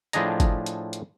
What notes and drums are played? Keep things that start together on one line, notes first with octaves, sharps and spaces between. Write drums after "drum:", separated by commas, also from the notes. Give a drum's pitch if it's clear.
A2 F3 D4 G#4 D#5 A#5, drum: hi-hat
drum: kick G1, hi-hat
drum: hi-hat
drum: hi-hat